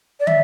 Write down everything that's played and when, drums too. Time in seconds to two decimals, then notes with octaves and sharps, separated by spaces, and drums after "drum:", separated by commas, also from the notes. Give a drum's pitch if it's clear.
0.20 D5
0.27 E5, drum: tom